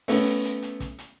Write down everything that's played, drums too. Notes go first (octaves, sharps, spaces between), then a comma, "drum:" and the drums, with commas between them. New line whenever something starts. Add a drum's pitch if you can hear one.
A3 B3 C#4, drum: open hi-hat
drum: hi-hat
drum: hi-hat
drum: hi-hat
drum: kick, hi-hat
drum: hi-hat